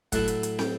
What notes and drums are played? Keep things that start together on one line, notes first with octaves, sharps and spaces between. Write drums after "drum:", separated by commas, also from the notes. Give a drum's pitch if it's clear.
A2 F#3 A3 E4 F#5, drum: kick, hi-hat
drum: hi-hat
drum: hi-hat
G5, drum: snare